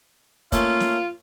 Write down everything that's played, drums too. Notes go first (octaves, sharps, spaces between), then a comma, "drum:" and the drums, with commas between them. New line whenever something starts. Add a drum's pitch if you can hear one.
A3 A#3 C#4 F4, drum: kick, hi-hat
drum: snare